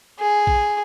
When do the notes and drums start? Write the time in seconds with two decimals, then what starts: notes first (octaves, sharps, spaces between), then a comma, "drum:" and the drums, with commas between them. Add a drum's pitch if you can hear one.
0.19 G#4
0.47 drum: kick A#1